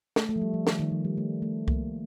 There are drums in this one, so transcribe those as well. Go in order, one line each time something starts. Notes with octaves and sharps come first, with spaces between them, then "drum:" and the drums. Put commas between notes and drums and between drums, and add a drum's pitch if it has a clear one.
A3, drum: snare
A3
F3
G3
F3
D#3, drum: snare
D#3
F3
G3
A3
A3
A#3, drum: kick C2